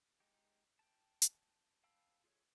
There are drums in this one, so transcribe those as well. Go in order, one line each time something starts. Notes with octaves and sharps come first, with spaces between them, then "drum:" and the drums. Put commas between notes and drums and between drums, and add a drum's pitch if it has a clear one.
G#3 D#4 G4
G5 A5
drum: hi-hat
F5 G5 A5 B5 E6
F4 G#4 A4 C#5